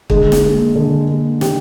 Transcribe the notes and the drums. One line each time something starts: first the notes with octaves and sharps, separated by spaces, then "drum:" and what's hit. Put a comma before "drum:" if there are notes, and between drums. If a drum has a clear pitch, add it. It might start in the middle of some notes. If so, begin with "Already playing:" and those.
D3 G#3 G#4, drum: kick
drum: snare
G3 A#3
D3
G3 A#3
D3 G4, drum: snare